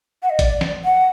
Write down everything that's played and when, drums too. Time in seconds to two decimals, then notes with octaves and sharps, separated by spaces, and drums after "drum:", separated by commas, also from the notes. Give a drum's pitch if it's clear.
0.23 F#5
0.30 D#5
0.39 D5, drum: kick, hi-hat
0.61 drum: snare E3
0.84 F#5